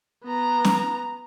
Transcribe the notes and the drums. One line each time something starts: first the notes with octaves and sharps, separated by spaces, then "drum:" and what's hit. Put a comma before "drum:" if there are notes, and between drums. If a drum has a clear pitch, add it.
B3 A#5
drum: snare